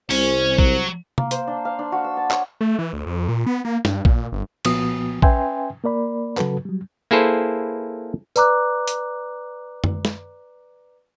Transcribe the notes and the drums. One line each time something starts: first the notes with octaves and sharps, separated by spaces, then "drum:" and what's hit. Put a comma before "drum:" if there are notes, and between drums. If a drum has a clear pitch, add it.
C2 C#4 C5, drum: open hi-hat
F#3, drum: kick A#1
A#3, drum: tom C3
C5, drum: hi-hat
D4
F5
D4
F#4
E6
A5
C#5, drum: clap
A3
E3
D2
F2
A#2
B3
A#3
G2, drum: snare
A#2, drum: kick A#1
G1
C2 A#2 F3 B3 F#4 D#6, drum: cymbal
C#4 B4 E5 G5 G#5 C6, drum: kick A#1
A#3 A#4 D5 B5
C#3 F#3 F#4 A4 B4, drum: clap
F#3 G3
A#3 E4 G#4 A4 B4 C5
B4 D5 A#5 D6 F#6, drum: tambourine
drum: hi-hat
drum: tom F#2
drum: snare